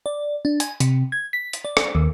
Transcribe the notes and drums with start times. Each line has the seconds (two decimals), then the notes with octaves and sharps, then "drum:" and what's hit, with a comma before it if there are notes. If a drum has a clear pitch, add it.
0.06 D5
0.45 D4
0.60 G#5, drum: hi-hat
0.80 C3, drum: hi-hat
1.12 G#6
1.33 B6
1.53 drum: hi-hat
1.65 D5
1.77 drum: rim click
1.95 D#2